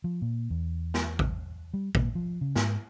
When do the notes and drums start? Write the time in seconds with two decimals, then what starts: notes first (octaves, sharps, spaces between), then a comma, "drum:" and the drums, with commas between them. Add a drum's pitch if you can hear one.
0.04 F3
0.22 A#2
0.50 E2
0.94 drum: snare
1.19 drum: kick A1
1.74 G3
1.95 A#2, drum: kick A1
2.15 F3
2.41 C#3
2.56 G#2, drum: snare